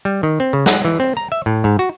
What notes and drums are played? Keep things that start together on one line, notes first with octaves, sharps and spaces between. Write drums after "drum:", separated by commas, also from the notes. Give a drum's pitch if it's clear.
G3
D#3
C4
C#3
F#5, drum: snare
E3
C4
A#5
E5
A2
G#2
F#4